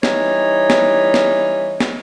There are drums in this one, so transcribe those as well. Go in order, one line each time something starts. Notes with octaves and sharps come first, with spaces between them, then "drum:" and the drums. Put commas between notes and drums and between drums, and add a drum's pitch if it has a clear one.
E3 G3 D#4 C#5, drum: snare
drum: snare
drum: snare
drum: snare